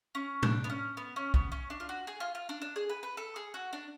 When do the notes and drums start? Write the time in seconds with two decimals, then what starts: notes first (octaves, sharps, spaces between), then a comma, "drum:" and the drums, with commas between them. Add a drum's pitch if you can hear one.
0.15 C#4
0.43 D4, drum: tom A2
0.64 B3
0.70 C#4
0.97 B3
1.16 C#4
1.34 B3, drum: kick
1.52 C#4
1.70 D4
1.80 F4
1.89 F#4
2.07 G#4
2.20 F4
2.35 F4
2.49 D4
2.62 D4
2.76 G#4
2.89 B4
3.03 B4
3.17 A4
3.36 G#4
3.54 F#4
3.73 D4